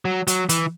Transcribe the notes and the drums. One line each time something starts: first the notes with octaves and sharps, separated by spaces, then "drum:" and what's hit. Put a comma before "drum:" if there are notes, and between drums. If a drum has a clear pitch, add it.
F#3
F#3, drum: hi-hat
E3, drum: hi-hat